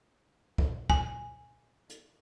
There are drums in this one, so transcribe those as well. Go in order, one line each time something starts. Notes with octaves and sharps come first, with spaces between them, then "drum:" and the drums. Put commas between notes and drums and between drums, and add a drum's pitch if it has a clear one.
drum: kick
G#5, drum: kick
drum: hi-hat